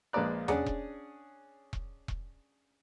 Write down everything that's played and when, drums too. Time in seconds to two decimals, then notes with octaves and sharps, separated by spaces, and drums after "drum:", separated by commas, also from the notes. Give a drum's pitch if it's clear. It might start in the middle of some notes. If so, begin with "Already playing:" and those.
0.13 A#1 G#3 A#3 B4 D5 F#6
0.48 C#4 D4 G#4 D5 F#5, drum: tom E2
0.67 drum: kick E1
1.73 drum: kick E1
2.08 drum: kick E1